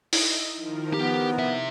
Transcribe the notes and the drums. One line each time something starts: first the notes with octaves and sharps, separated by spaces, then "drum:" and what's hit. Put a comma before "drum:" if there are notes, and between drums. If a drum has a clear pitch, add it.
D#4 E4 D#5 E5, drum: open hi-hat
D#3 F3 A#4
B3 G4
C3 E5